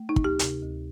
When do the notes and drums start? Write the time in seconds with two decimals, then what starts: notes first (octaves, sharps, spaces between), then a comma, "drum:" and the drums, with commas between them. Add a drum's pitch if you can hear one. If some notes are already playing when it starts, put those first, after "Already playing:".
Already playing: A3
0.09 D#4
0.16 D2, drum: kick
0.24 G4
0.39 C3, drum: hi-hat
0.62 D2